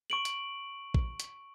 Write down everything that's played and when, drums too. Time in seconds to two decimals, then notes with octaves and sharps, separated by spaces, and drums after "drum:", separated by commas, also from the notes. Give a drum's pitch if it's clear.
0.10 C#6 D7 F#7
0.25 drum: hi-hat
0.94 drum: kick
1.20 drum: hi-hat